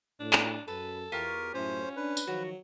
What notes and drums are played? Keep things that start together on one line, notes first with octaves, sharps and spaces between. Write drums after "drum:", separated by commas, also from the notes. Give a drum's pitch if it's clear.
A2 D4
drum: clap
F#2 A4 B4
E2 F4 G4 A#4 C#5
F#2 A2 C#4 C5
D4 B4
drum: tambourine
D#3 F3 F#3 F#4